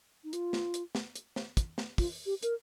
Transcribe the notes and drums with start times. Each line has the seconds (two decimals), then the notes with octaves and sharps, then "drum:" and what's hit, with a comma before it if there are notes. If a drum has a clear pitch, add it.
0.24 D#4
0.33 F4, drum: hi-hat
0.53 drum: snare
0.74 drum: hi-hat
0.95 drum: snare
1.15 drum: hi-hat
1.36 drum: snare
1.57 drum: kick, hi-hat
1.78 drum: snare
1.98 F4, drum: kick, open hi-hat
2.26 G4
2.43 A#4, drum: hi-hat